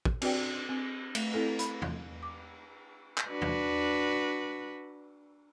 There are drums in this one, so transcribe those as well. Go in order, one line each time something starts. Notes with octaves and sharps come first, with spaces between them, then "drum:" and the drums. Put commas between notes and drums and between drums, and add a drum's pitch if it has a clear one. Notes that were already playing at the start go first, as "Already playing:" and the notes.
drum: kick
C4 F#4 B4 D5 G5, drum: cymbal
C4
A3, drum: cymbal
C4 E4 A4
B5, drum: hi-hat
drum: tom
D6
drum: clap
D4 F#4 B4
drum: tom